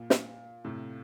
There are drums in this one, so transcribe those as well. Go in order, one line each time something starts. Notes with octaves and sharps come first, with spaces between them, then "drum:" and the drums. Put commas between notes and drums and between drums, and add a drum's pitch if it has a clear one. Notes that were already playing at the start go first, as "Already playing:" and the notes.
Already playing: A#2
drum: snare
A2 C3